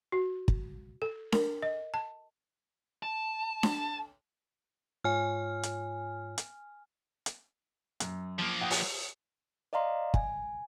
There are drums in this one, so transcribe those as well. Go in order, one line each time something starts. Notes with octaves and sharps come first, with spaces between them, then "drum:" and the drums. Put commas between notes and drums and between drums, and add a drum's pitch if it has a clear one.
F#4
drum: kick
A4
A#4, drum: snare D4
D#5
A5
A5
drum: snare D4
G#2 F4 C#5 G#5 F6
drum: hi-hat
drum: hi-hat
drum: hi-hat
F#2, drum: hi-hat
F3 A#3
F#5 G5 D#6
drum: open hi-hat
D5 D#5 F5 A#5 C6
G#5, drum: kick